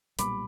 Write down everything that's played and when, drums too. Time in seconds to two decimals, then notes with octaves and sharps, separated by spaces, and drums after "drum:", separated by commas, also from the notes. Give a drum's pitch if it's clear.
0.19 B1 A#2 G3 B3 B5 D6, drum: hi-hat